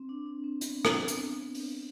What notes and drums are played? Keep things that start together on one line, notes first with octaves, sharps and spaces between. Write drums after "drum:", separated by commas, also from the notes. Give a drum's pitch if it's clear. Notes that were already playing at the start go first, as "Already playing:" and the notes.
Already playing: C4
D4
D4
C4
B3, drum: hi-hat
drum: rim click
drum: hi-hat
drum: open hi-hat